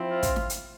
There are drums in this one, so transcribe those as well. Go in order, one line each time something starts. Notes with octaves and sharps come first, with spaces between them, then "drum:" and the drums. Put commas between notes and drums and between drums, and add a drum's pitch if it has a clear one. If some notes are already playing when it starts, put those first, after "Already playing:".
Already playing: F3 C4 E4
F4
drum: kick, hi-hat
drum: snare
drum: hi-hat